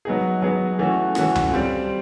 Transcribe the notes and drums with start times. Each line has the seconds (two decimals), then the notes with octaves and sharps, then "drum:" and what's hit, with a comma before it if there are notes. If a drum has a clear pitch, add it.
0.05 F#3 B3 D#4 G#4
0.42 F#3 B3 D#4 G#4
0.79 E3 A3 C#4 F#4
1.15 E3 A3 C#4 F#4, drum: rim click
1.35 drum: tom C#2
1.51 G3 C4 F4